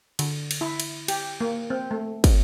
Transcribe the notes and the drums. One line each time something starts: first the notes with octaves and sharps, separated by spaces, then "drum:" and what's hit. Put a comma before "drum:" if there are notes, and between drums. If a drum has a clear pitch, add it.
D3, drum: cymbal
drum: cymbal
E4
drum: cymbal
G4, drum: cymbal
A#3
C4
A3
drum: kick, cymbal